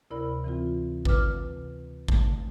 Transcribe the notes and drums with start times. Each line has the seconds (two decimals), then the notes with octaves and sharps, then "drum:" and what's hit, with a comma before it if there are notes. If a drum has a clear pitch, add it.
0.11 D2 C3 E4 A#4 D5 B5
0.44 E3 C4 F4
1.05 B4 D6 F6, drum: kick G#1
2.08 A3, drum: kick G#1